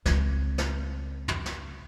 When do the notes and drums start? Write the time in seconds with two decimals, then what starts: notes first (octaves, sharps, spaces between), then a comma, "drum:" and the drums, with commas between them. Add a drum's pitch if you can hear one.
0.06 C#2 C4, drum: snare
0.58 drum: snare
1.28 drum: tom
1.46 drum: snare